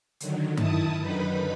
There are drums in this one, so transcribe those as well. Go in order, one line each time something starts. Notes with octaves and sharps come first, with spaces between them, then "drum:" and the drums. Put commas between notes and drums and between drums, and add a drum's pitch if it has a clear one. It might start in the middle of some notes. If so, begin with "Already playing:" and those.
D3 D#3 F#3, drum: hi-hat
D#3 E4 A5 D#6, drum: tom G2
F#2 D3 D#3 D#4 B4 B5